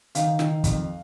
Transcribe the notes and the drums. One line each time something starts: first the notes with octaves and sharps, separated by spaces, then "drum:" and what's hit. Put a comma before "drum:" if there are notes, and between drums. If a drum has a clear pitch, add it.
D#3 F5, drum: hi-hat
D#3, drum: snare
F2, drum: kick, hi-hat